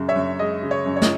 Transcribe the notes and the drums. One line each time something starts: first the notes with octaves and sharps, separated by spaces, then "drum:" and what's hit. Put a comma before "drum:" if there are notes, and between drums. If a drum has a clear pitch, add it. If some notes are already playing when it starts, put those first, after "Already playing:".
Already playing: F#2 C#3
C#5 E5
F#2
G#3 D#5
C#3
C#5
F#2
C#5
D#5, drum: snare